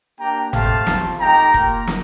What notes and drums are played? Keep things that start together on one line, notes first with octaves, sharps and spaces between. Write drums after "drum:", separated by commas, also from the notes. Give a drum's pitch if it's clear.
A#3 D4 G4 G5 A#5
A3 C4 G4 F5 A5, drum: tom G1
C4 F4, drum: snare
A3 D#4 G4 G5 A#5
A#3 F4, drum: kick F1
drum: snare